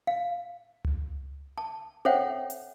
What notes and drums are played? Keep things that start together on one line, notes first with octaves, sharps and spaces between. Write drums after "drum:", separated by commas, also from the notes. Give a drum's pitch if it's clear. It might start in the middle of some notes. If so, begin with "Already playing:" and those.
F5
drum: tom C#2
A5
A4 C5 C#5 E5 F#5 G5, drum: tom C4
drum: hi-hat